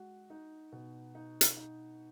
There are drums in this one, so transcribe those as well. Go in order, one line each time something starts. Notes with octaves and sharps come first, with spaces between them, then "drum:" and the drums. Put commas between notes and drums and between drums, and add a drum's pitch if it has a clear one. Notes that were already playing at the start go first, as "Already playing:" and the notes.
Already playing: G#3 F#4
D#4
B2
D#4
drum: hi-hat
D#4